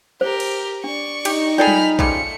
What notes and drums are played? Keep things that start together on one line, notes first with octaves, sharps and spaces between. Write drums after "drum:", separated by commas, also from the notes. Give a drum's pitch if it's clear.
G4 A#4 C5
drum: cymbal
D4 D5 C#6
D#4 G4, drum: cymbal
F4 G#4 A4 D5 G5 B5 F6
drum: tom F#3
C#3 F3 G3 A3 C#7, drum: kick A#1